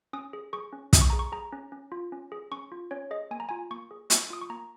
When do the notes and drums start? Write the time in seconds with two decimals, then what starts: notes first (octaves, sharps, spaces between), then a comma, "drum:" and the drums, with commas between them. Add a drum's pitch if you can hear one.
0.13 C#4 D#6
0.33 G#4
0.53 G#4 C#6
0.73 C#4
0.93 C#4 D#6, drum: kick, hi-hat
1.01 C#6
1.10 G#4 A#5
1.19 C#6
1.32 G#4 A#5
1.53 C#4
1.72 C#4
1.92 F4
2.12 C#4
2.32 G#4
2.51 C#4 C#6
2.72 F4
2.91 C#4 C#5
3.11 G#4 D#5
3.31 A#3 G#5
3.40 A#5
3.49 F4 G#5
3.71 A#3 C#6
3.91 G#4
4.10 A#3 C#6, drum: hi-hat
4.30 F4 D#6
4.41 C#6
4.50 A#3 A#5